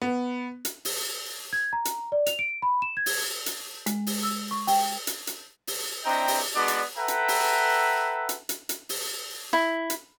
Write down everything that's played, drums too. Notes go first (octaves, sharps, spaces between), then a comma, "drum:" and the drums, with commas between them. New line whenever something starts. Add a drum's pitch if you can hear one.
B3
drum: hi-hat
drum: open hi-hat
G#6
A#5
drum: hi-hat
D5
F7, drum: hi-hat
D7
B5
E7
G#6
drum: open hi-hat
drum: hi-hat
G#3, drum: hi-hat
drum: open hi-hat
E6
C#6
G5, drum: open hi-hat
drum: hi-hat
drum: hi-hat
drum: open hi-hat
C4 D4 E4 D#5 G5 A#5
drum: open hi-hat
G#3 B3 D4 F#4 D5
drum: hi-hat
A4 B4 E5 F#5 G5 A#5
drum: hi-hat
drum: open hi-hat
drum: hi-hat
drum: hi-hat
drum: hi-hat
drum: open hi-hat
E4
drum: hi-hat